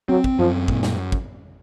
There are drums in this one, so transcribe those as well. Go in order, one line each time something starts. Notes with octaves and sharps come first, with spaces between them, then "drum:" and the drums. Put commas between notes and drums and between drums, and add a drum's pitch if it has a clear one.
F#3 C4
drum: kick
F#2 F3
A#2, drum: kick
drum: snare
drum: kick